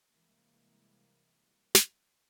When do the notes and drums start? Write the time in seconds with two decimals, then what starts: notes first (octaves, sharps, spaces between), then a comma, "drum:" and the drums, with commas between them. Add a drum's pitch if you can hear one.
0.12 C3 E3 G3 G#3 A#3
1.75 drum: snare